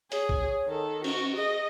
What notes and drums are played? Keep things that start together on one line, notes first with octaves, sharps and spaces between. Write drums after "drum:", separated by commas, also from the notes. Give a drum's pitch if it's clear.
G#4 C#5, drum: hi-hat
drum: kick
D#3 A4
C#4 F#4, drum: cymbal
G#4 D#5